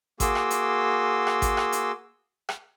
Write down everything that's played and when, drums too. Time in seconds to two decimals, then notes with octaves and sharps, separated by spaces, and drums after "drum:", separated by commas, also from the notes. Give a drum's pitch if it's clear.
0.20 A#3 F#4 G#4 C6 D6 E6, drum: kick G#1, hi-hat
0.35 drum: rim click
0.50 drum: hi-hat
1.27 drum: rim click
1.42 drum: kick G#1, hi-hat
1.57 drum: rim click
1.72 drum: hi-hat
2.49 drum: rim click